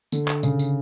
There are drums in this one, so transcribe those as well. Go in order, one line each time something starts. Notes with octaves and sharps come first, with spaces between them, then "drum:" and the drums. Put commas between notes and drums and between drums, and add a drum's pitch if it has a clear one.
D3, drum: tambourine
drum: clap
C#3, drum: tambourine
drum: tambourine